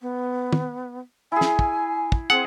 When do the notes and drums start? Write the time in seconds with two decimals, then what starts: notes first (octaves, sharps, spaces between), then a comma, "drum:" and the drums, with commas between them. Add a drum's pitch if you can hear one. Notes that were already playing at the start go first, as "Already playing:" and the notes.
0.01 B3
0.53 drum: tom
1.32 E4 G#4 G#5
1.41 drum: snare
1.59 drum: kick
2.12 drum: kick
2.30 C4 G#4 F#5